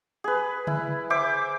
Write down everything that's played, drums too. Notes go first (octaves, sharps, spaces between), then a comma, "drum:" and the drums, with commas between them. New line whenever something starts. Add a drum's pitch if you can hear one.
G#4 B4
E4, drum: tom C#3
C5 E5 D6